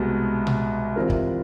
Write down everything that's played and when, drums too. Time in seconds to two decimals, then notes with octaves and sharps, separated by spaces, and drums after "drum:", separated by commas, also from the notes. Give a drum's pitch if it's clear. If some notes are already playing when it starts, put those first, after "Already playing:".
Already playing: C2 B2 G#3 B3
0.47 drum: tom A#2
0.96 E3 G3 C4 F4 A#4
1.10 drum: kick